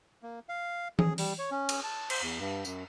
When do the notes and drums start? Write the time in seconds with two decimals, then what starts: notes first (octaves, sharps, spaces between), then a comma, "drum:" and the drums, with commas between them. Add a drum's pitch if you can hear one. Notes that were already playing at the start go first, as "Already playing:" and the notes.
0.23 A#3
0.49 F5
0.99 G#4, drum: tom
1.18 G3, drum: open hi-hat
1.38 C#5
1.51 C#4
1.69 drum: cymbal
1.84 A5
2.10 C5, drum: cymbal
2.22 E2
2.39 G2
2.65 F#2, drum: tambourine